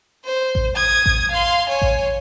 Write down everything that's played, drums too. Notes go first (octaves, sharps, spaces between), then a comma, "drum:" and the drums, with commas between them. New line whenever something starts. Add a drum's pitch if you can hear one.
C5
drum: kick A1
D#6 G#6
drum: kick A1
F5 C6
C#5 G#5
drum: kick A1